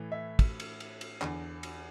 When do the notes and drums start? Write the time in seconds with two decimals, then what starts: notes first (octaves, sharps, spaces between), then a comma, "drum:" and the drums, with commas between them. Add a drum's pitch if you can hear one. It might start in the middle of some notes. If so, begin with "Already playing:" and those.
Already playing: A2 E3
0.12 E5
0.39 drum: kick, cymbal
0.60 drum: cymbal
0.80 drum: cymbal
1.01 drum: cymbal
1.22 E2 D3, drum: clap
1.63 drum: cymbal